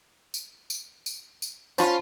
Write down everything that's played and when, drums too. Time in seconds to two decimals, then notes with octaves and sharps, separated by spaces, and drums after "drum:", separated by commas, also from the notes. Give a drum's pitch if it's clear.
0.34 drum: tambourine
0.70 drum: tambourine
1.06 drum: tambourine
1.42 drum: tambourine
1.78 C#4 F4 C5 A5 B5, drum: tambourine